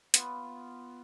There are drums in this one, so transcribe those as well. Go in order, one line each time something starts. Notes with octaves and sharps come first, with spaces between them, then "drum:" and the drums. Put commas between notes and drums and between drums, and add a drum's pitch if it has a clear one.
B3 F4, drum: hi-hat